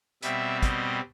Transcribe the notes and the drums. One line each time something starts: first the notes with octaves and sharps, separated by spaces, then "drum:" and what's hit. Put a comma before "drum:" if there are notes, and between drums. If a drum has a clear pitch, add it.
B2 G3 C4 E5, drum: hi-hat
D#5, drum: kick, hi-hat